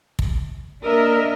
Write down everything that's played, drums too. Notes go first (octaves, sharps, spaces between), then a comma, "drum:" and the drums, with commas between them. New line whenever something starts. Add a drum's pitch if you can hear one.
drum: kick
A#3 D4 A#4 D#5 E5